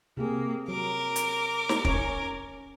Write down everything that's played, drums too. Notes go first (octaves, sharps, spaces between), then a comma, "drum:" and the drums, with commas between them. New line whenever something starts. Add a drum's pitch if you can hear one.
C3 A#3 G4 G#4
F#3 A#4 D6
drum: hi-hat
drum: snare
C#4 C#5, drum: kick